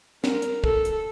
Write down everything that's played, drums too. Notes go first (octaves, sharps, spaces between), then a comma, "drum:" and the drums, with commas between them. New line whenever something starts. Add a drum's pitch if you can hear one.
A#4, drum: snare
drum: hi-hat
A4, drum: kick
drum: hi-hat